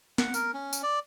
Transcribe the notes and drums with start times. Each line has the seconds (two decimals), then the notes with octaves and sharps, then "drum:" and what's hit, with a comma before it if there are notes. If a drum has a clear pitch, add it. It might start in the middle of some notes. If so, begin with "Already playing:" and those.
0.18 F#5, drum: snare
0.34 A#4, drum: tambourine
0.54 C#4
0.73 drum: tambourine
0.83 D5